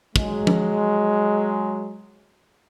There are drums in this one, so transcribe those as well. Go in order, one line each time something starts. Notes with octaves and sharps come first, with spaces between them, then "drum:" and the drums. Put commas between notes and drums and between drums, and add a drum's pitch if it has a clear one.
F#3 G#3, drum: kick
drum: tom F3